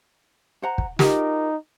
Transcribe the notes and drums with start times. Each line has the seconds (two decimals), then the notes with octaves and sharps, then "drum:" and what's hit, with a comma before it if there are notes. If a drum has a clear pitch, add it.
0.62 C5 F#5 A#5
0.78 drum: kick
0.99 D#4 F4 G4 A#4, drum: snare